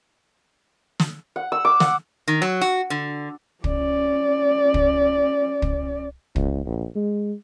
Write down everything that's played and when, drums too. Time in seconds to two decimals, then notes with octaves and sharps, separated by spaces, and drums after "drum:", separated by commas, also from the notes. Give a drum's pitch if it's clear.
1.00 drum: snare
1.36 F#5
1.52 E6
1.65 D6
1.80 F#5, drum: snare
2.28 D#3
2.42 F#3
2.61 F#4
2.90 D3
3.64 C#4 D5, drum: kick
4.74 drum: kick
5.62 drum: kick
6.36 C#2, drum: kick
6.66 A#1
6.96 G#3